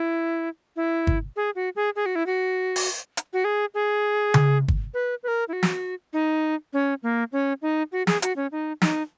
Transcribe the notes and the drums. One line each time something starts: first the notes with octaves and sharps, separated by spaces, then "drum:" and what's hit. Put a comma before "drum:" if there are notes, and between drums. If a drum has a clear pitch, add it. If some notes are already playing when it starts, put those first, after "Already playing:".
Already playing: E4
E4
drum: kick
G#4
F#4
G#4
G#4
F#4
E4
F#4
drum: open hi-hat
drum: hi-hat
F#4
G#4
G#4
drum: tom C#3
drum: kick
B4
B4
A#4
E4
F#4
drum: snare
D#4
C#4
A#3
C#4
D#4
F#4
G#4, drum: snare
F#4, drum: hi-hat
C#4
D#4
D#4, drum: snare